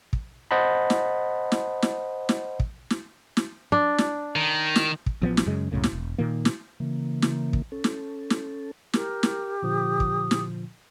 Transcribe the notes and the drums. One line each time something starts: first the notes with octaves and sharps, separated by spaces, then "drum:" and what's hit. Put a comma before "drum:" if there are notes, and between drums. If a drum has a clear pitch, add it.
drum: kick
C5 D#5 F#5 A5 B5
drum: snare
drum: snare
drum: snare
drum: snare
drum: kick
drum: snare
drum: snare
D4
drum: snare
D#3
drum: snare
drum: kick
A1 F3 G#3 B3
drum: snare
F#2 C#3 G#3
C2 F#2 A2 C#3
drum: snare
E1
A#2 D#3 A#3
drum: snare
C#3 E3 A#3
drum: snare
drum: kick
C#4 A4
drum: snare
drum: snare
G4 A#4, drum: snare
drum: snare
A#2 D3 F3 D#6
drum: kick
drum: snare